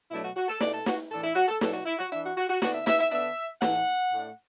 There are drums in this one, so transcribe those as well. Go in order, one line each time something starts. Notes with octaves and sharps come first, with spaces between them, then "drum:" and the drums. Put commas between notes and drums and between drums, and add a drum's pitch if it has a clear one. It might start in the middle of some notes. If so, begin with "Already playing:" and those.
B2 F#3 A3 D4 E4
F#4
F#4
A4
B2 A3 D4 D5, drum: snare
A4
F#4, drum: snare
A2 E3 D4 A4
E4
F#4
A4
B2 F#3 D4 A4, drum: snare
F#4
E4
F#4
E3 D4 E5
F#4
F#4
F#4
D3 B3 D4 F#4, drum: snare
E5
E5, drum: snare
E5
D3 B3 D4 E5
A2 E3 A3 F#5, drum: snare
A2 A3 D4